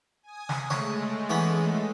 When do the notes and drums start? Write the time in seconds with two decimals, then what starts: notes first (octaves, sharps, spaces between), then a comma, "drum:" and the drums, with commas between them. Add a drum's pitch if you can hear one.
0.23 G#5 D#6
0.49 drum: snare
0.70 G#3 A3 C#5, drum: snare
1.30 E3 B3 C#4